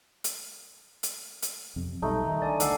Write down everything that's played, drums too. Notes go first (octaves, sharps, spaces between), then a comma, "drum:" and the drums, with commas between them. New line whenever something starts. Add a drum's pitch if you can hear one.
drum: hi-hat
drum: hi-hat
drum: hi-hat
F2 C3
B1 G3 A3 D#4
D#3 A#5
D4 D5 G#5
D2 D5 F#5 D6 E6 C7, drum: hi-hat